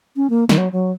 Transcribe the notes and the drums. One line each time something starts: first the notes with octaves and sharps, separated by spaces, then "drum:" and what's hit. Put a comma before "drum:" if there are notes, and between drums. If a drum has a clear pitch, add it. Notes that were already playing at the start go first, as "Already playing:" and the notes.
C#4
A#3
D#3, drum: snare
F#3
F#3